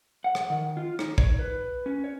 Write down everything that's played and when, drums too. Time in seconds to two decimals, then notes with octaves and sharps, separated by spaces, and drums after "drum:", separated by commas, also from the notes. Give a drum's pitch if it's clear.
0.24 F#5
0.35 drum: rim click
0.50 D#3
0.77 F4
0.99 D#4, drum: rim click
1.18 C#5, drum: kick
1.39 B4
1.86 C#4
2.04 C#5